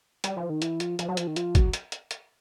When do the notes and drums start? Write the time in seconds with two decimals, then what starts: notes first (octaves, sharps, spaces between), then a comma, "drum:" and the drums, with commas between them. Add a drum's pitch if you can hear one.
0.24 G3, drum: hi-hat
0.37 F3
0.50 D#3
0.62 E3, drum: hi-hat
0.80 F3, drum: hi-hat
0.99 F3, drum: hi-hat
1.08 F#3
1.17 F3, drum: hi-hat
1.27 D#3
1.36 F3, drum: hi-hat
1.55 F#3, drum: kick, hi-hat
1.73 drum: hi-hat
1.92 drum: hi-hat
2.11 drum: hi-hat